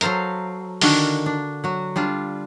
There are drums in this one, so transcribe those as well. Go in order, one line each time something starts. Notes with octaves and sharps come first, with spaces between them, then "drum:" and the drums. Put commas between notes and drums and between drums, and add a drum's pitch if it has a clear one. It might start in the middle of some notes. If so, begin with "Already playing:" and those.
F#3 A4 C5 F5 A#5, drum: hi-hat
D3 D#3 D4 F#4 F5 A5, drum: open hi-hat
D4
F#3 F#4
G3 D4 F4